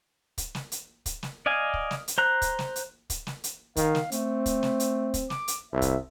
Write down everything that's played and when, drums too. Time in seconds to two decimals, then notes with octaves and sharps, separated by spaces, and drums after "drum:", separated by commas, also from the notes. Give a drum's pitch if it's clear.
0.38 drum: kick, hi-hat
0.55 drum: snare
0.72 drum: hi-hat
1.06 drum: kick, hi-hat
1.23 drum: snare
1.46 D5 D#5 F5 G#5
1.74 drum: kick
1.91 drum: snare
2.08 drum: hi-hat
2.18 C5 A#5 F#6
2.42 drum: kick, hi-hat
2.59 drum: snare
2.76 drum: hi-hat
3.10 drum: kick, hi-hat
3.27 drum: snare
3.44 drum: hi-hat
3.76 D#3 F5, drum: kick, hi-hat
3.95 drum: snare
4.12 A3 C4, drum: hi-hat
4.46 drum: kick, hi-hat
4.63 drum: snare
4.80 drum: hi-hat
5.14 drum: kick, hi-hat
5.30 D6, drum: snare
5.48 drum: hi-hat
5.73 C2 E5
5.82 drum: kick, hi-hat